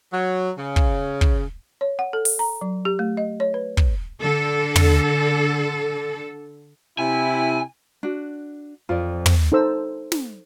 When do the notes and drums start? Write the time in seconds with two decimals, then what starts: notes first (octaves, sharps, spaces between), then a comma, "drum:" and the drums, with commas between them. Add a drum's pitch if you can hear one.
0.13 F#3
0.57 C#3
0.76 drum: kick
1.21 drum: kick
1.81 C#5
1.99 F#5
2.13 A4
2.25 drum: open hi-hat
2.39 A#5
2.61 F#3
2.85 G4
2.99 A3
3.17 D#5
3.40 C#5
3.54 B4
3.77 drum: kick
4.21 D3 A4
4.76 drum: tom
6.99 C3 E4 G#5
8.03 D4 F#4
8.89 F2 F4 D5
9.26 drum: tom
9.52 D#4 A4 C5 E6
10.12 drum: snare